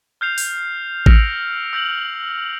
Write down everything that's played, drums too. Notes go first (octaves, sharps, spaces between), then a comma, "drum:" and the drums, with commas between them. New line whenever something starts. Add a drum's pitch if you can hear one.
F6 G6 C7 F7
drum: open hi-hat
E6 F6 A#6 C#7 D7 F7, drum: kick A1
E6 G6 A#6 F#7